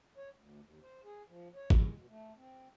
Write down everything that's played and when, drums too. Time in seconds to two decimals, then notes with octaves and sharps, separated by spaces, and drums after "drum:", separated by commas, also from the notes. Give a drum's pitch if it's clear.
0.17 C#5
0.36 D2
0.62 D#2
0.83 C5
1.04 G#4
1.28 F3
1.55 C#5
1.70 G#3, drum: kick G#1
1.95 B2
2.08 A3
2.36 C4